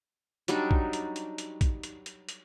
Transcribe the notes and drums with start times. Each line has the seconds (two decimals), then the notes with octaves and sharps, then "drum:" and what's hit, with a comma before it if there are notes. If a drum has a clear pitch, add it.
0.48 F#3 G3 D4 D#4, drum: hi-hat
0.71 drum: kick
0.93 drum: hi-hat
1.16 drum: hi-hat
1.38 drum: hi-hat
1.61 drum: kick, hi-hat
1.83 drum: hi-hat
2.06 drum: hi-hat
2.29 drum: hi-hat